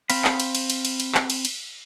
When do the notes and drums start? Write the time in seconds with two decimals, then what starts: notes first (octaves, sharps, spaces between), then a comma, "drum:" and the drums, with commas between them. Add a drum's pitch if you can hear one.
0.10 C4 F5 B5, drum: cymbal
0.25 drum: clap
0.40 drum: cymbal
0.55 drum: cymbal
0.70 drum: cymbal
0.85 drum: cymbal
1.00 drum: cymbal
1.15 drum: clap
1.30 drum: cymbal
1.45 drum: cymbal